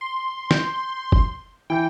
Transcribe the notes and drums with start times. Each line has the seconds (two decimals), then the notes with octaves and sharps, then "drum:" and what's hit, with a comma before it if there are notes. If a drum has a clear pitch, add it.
0.01 C6
0.51 G6, drum: snare
1.12 drum: kick F#1
1.70 E3 G5 G6